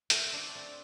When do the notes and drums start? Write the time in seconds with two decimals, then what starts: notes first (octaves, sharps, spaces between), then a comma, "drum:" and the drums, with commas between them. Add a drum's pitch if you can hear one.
0.10 A3, drum: hi-hat
0.26 C4
0.33 D4
0.55 C4